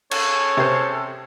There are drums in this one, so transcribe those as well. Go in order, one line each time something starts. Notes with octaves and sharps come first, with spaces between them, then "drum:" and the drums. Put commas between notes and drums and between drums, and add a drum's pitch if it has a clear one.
C#4 G#4 A4 C#5, drum: cymbal
C3 C5